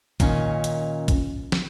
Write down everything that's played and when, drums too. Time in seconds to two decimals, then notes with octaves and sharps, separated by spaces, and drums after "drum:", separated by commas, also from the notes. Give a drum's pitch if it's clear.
0.20 A#2 D#3 C#4 D#5, drum: kick A#1, hi-hat
0.64 drum: hi-hat
1.08 drum: kick A#1, hi-hat
1.52 drum: snare